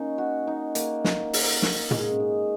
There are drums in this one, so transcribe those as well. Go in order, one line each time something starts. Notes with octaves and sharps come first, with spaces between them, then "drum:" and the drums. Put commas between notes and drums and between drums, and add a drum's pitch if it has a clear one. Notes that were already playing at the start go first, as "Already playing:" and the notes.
Already playing: A#3 C#4 D#4
F#4
D#4
A#3, drum: hi-hat
drum: snare
drum: open hi-hat
drum: snare
G#3, drum: tom
C#4
D#4